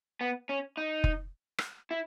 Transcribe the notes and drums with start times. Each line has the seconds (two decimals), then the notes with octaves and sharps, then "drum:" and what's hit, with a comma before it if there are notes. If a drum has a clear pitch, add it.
0.21 B3
0.49 C#4
0.77 D#4
1.04 drum: kick F1
1.58 drum: rim click
1.91 E4